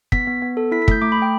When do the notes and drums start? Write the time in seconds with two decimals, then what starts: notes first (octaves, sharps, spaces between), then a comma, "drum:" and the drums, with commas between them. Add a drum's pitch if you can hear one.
0.12 B3 B6, drum: kick
0.27 B3
0.42 B3
0.57 A4
0.72 E4 B6
0.82 B6
0.88 A3 G6, drum: kick
1.02 A3 D6
1.12 B5
1.17 A3 G5